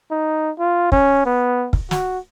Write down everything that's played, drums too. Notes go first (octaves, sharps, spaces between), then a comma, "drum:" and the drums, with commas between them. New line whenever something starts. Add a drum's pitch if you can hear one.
D#4
F4
C#4, drum: kick
B3
drum: kick
F#4, drum: snare